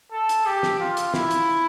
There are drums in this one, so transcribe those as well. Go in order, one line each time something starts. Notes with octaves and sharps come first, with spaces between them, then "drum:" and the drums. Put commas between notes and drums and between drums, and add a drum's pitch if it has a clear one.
A4
drum: hi-hat
G4
drum: snare
F4
drum: hi-hat
E4, drum: snare
drum: hi-hat